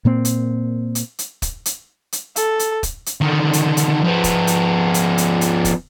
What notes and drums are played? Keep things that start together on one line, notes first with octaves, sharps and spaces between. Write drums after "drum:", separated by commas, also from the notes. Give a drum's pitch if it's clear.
A#2 A#3 C4
drum: hi-hat
drum: hi-hat
drum: hi-hat
drum: kick, hi-hat
drum: hi-hat
drum: hi-hat
A4, drum: hi-hat
drum: hi-hat
drum: kick, hi-hat
drum: hi-hat
D3 D#3
drum: hi-hat
drum: hi-hat
F3 B3
drum: kick, hi-hat
drum: hi-hat
drum: hi-hat
drum: hi-hat
drum: hi-hat
drum: kick, hi-hat